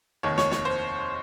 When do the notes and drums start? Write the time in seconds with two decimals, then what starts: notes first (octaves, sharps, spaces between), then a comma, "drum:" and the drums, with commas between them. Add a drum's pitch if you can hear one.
0.23 F1 D#2 D#3 C#5
0.38 C#5, drum: snare
0.51 C#5, drum: snare
0.65 C5